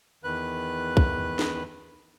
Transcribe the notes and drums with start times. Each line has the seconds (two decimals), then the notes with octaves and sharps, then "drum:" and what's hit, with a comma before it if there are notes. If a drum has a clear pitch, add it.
0.24 E2 D#3 B4 F#6
0.97 drum: kick
1.39 drum: snare